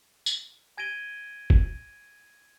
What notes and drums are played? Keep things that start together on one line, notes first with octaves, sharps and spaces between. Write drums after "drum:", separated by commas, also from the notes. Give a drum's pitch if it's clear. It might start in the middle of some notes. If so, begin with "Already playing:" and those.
drum: tambourine
G#5 G#6 A#6 D7 D#7 G7
drum: kick F#1